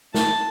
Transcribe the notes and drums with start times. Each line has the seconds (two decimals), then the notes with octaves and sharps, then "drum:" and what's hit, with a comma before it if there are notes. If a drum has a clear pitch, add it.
0.14 A5, drum: snare